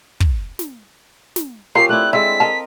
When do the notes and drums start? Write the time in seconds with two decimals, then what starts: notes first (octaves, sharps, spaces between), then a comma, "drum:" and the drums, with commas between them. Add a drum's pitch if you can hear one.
0.20 drum: kick
0.59 drum: snare
1.36 drum: snare
1.75 F3 C4 C#4 F4 G4 A#4 C7
1.89 A3 D4 E4 F#6
2.13 G#3 C4 A4 E5 B6
2.40 A#4 D#5 F5 A5